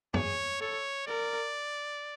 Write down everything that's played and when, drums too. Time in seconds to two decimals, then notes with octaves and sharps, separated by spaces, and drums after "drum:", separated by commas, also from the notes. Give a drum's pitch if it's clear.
0.14 G#4 C#5, drum: tom F#2
0.60 A4 C#5
1.07 A#4 D5